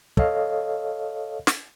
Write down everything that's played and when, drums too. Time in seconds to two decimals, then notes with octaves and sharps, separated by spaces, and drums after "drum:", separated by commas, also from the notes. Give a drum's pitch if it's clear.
0.17 A4 C#5 D#5 F5, drum: kick
1.47 drum: snare